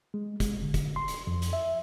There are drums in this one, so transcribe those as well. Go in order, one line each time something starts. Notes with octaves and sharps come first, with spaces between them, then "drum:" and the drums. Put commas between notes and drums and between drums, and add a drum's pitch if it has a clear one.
G#3
G#3, drum: kick, hi-hat
D3
drum: kick, hi-hat
C6
drum: hi-hat
F2
drum: hi-hat
E5